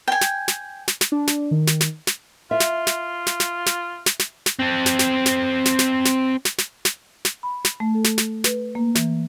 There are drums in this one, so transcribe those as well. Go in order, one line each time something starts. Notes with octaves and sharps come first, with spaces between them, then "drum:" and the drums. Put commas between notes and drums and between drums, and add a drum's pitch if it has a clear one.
G5 G#5
drum: snare
drum: snare
drum: snare
drum: snare
D4
drum: snare
D#3
drum: snare
drum: snare
drum: snare
F4 E5
drum: snare
drum: snare
drum: snare
drum: snare
drum: snare
drum: snare
drum: snare
drum: snare
C4 A4
drum: snare
drum: snare
drum: snare
drum: snare
drum: snare
drum: snare
drum: snare
drum: snare
drum: snare
drum: snare
B5
drum: snare
A3
A4
drum: snare
drum: snare
B4, drum: snare
A#3
E3, drum: snare